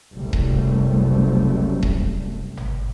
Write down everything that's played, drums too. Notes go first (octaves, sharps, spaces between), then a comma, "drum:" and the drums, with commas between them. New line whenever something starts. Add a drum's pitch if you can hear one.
F#1 C2 F#2 C3 G3 A3
drum: kick D#1
drum: kick D#1
drum: tom G1